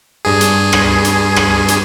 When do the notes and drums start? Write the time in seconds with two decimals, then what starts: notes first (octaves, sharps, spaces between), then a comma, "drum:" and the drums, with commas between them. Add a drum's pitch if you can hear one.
0.25 G2 G#4
0.41 drum: hi-hat
0.73 drum: rim click
1.04 drum: hi-hat
1.36 drum: rim click
1.68 drum: hi-hat